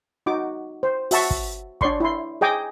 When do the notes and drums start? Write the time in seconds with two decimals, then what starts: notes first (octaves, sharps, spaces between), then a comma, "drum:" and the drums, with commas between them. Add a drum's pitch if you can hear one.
0.26 D#4 F#4 D6
0.83 C5
1.11 F#4 E5 A5 C#6, drum: open hi-hat
1.31 drum: kick
1.81 D4 C#5 D5 C6 C#6, drum: kick
2.00 E4 C6
2.41 G#4 D#5 G5 G#5 D6